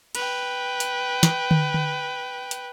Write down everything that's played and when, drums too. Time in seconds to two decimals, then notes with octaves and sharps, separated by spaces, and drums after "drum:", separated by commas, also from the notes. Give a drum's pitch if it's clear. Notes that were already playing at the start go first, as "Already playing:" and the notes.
0.15 B4 G5, drum: cymbal
0.80 drum: hi-hat
1.23 drum: snare
1.51 drum: tom D3
1.74 drum: tom D3
2.51 drum: hi-hat